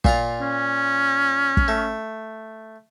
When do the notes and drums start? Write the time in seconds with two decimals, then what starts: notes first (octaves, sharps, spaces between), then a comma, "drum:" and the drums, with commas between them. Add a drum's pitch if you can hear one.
0.04 A#2 F4 A#5, drum: kick
0.41 C#4
1.57 drum: kick
1.68 A3